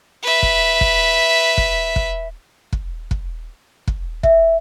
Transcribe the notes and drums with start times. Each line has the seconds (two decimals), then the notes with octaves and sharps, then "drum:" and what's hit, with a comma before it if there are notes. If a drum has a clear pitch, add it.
0.23 B4 E5
0.43 drum: kick
0.81 drum: kick
1.58 drum: kick
1.96 drum: kick
2.73 drum: kick
3.11 drum: kick
3.87 drum: kick
4.23 E5, drum: kick